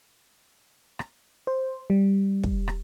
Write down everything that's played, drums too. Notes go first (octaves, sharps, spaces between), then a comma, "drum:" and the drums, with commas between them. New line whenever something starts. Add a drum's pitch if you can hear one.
drum: rim click
C5
G3
drum: kick
drum: rim click